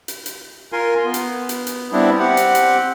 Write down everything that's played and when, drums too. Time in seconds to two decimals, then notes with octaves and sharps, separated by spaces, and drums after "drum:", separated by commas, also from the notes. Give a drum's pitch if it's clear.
0.08 drum: hi-hat
0.26 drum: hi-hat
0.73 F4 A#4 G#5 C6
1.05 B3
1.14 drum: hi-hat
1.49 drum: hi-hat
1.67 drum: hi-hat
1.92 G3 B3 C4 D4 E4
2.19 C4 G4 F#5
2.37 drum: hi-hat
2.55 drum: hi-hat